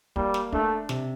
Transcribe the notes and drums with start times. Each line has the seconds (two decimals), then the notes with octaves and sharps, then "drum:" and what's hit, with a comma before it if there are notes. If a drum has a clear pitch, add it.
0.16 G3 A#3, drum: kick
0.34 drum: snare
0.52 A3 D4, drum: kick
0.89 C3, drum: snare